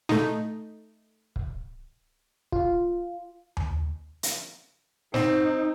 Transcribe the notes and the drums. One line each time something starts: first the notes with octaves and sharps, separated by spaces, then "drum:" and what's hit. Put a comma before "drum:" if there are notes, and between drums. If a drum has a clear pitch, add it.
A3 D#4, drum: snare
drum: kick
F4, drum: kick
drum: tom D#2
drum: hi-hat
C4 D#4, drum: snare